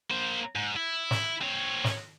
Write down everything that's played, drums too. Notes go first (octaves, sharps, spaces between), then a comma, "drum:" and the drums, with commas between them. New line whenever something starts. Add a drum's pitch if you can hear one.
A#3 C5
G#2
E4
drum: snare
C4 C#5
drum: snare